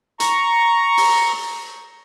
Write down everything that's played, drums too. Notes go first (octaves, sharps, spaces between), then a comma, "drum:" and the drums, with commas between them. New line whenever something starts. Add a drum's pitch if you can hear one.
A#5 C#6, drum: hi-hat
drum: open hi-hat